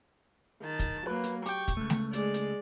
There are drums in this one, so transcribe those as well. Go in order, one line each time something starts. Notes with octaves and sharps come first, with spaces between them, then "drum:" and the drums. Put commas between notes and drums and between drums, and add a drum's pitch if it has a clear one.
D#3 A5
drum: kick, hi-hat
F#3 A#3 B4
drum: hi-hat
G4 G5 C#6, drum: hi-hat
drum: kick, hi-hat
C#2 A3
drum: snare A3
G#3 D5, drum: hi-hat
drum: hi-hat